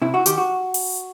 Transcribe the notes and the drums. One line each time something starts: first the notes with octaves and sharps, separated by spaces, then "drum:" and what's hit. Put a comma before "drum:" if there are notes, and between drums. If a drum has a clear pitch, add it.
C3 E4
F#4
D#3 G4, drum: hi-hat
F#4
drum: open hi-hat